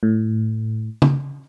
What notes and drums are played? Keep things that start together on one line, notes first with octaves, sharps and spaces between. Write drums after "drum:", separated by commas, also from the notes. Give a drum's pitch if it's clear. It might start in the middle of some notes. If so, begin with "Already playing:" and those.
A2
drum: tom C#3